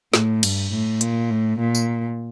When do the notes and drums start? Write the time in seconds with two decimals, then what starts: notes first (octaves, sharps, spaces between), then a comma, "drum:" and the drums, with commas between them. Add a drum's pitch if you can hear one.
0.14 A2, drum: snare
0.43 G2, drum: cymbal
0.72 A2
1.01 A#2, drum: hi-hat
1.30 A2
1.59 A#2
1.75 drum: tambourine